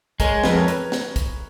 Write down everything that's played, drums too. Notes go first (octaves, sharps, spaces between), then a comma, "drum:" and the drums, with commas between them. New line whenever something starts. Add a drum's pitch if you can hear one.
G#3 A#4 C#5, drum: kick, hi-hat
F2 G#4 B4, drum: snare
A#4 C#5
B4, drum: hi-hat
drum: snare
drum: kick, hi-hat